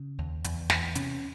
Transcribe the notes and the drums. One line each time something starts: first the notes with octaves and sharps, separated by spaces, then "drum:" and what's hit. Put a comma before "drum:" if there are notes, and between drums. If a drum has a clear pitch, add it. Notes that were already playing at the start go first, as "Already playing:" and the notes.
Already playing: C#3
D#2
E2, drum: hi-hat
E2, drum: snare
C3 C#4, drum: hi-hat